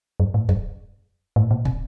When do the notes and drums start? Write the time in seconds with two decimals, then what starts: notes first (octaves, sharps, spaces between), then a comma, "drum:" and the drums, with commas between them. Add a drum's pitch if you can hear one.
0.20 F#2
0.34 A2
0.49 F#2, drum: kick
1.36 A2
1.51 A#2
1.65 C3, drum: kick